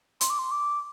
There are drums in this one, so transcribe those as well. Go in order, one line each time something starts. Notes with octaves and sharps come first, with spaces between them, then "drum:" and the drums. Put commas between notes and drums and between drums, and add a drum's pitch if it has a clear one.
C6, drum: hi-hat
D6
C6
D6